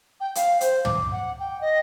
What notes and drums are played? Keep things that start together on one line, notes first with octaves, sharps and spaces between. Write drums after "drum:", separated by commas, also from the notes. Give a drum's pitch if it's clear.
G5
F5, drum: hi-hat
C5, drum: hi-hat
D6, drum: tom
F#5
G5
D#5